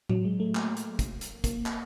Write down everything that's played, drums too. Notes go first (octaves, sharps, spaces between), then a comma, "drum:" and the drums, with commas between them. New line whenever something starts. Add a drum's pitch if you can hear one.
F#3, drum: tom A2
G#3
A3
A#3, drum: clap
drum: hi-hat
drum: kick, hi-hat
drum: hi-hat
A#3, drum: kick, hi-hat
drum: clap